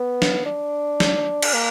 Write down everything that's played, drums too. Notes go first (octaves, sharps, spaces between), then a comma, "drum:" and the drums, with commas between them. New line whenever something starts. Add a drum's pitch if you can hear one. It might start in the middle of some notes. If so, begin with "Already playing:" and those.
Already playing: B3
drum: snare
D4
drum: snare
drum: cymbal
A#3